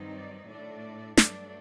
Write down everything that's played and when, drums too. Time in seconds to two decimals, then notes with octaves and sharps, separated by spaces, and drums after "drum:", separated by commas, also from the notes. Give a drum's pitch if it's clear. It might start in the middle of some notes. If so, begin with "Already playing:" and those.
Already playing: G2 D#3 F#3 C4 D#4
0.12 D5
0.46 A2 A3 D4 D5
1.17 G2 F#3 A3 D4 D5, drum: snare